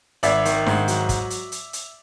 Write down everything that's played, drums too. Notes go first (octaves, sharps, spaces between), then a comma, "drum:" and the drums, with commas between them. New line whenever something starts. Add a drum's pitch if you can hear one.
G#1 D5 E5, drum: hi-hat
D#3, drum: hi-hat
G#2, drum: snare D4
F#3, drum: hi-hat
drum: kick, hi-hat
drum: hi-hat
drum: hi-hat
drum: hi-hat